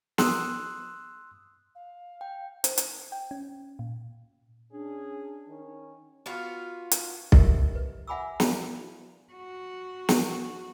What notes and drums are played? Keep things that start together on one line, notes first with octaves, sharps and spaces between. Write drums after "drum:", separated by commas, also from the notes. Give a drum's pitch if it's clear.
C6 D#6 E6 F#6, drum: snare
F5
G5
C5, drum: hi-hat
drum: hi-hat
G5
C#4
A#2
C#4 D4 G#4
D#3 C#4
B3 F4 F#4
drum: hi-hat
G4 A#4 D#5 E5, drum: kick B1
B4
E5 F#5 G#5 B5 D6 E6
E4 F#4 D5 F5 A#5 B5, drum: snare
F#4
drum: snare